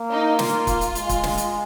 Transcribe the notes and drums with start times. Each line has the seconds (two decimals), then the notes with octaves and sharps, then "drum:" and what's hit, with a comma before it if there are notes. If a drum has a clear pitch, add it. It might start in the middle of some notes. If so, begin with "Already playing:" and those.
Already playing: A#3
0.11 D#4
0.39 F4, drum: snare
0.67 drum: kick C#1, hi-hat
0.81 drum: hi-hat
0.95 G#3, drum: hi-hat
1.09 drum: kick C#1, hi-hat
1.23 drum: snare
1.38 drum: hi-hat